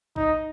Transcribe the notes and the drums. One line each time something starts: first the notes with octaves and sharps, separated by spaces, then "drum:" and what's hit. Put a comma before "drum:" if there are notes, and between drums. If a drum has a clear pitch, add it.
D#4, drum: kick A1